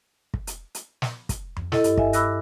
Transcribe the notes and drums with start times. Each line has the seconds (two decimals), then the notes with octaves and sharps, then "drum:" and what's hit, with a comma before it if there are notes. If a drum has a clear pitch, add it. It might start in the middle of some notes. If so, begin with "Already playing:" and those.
0.34 drum: kick
0.47 drum: hi-hat
0.75 drum: hi-hat
1.02 drum: snare
1.29 drum: kick, hi-hat
1.56 drum: tom F2
1.72 E4 A4 D#5, drum: snare
1.84 G2, drum: hi-hat
1.97 D#5 E5 G#5, drum: kick
2.13 B5 D6 E6 F#6 A#6, drum: hi-hat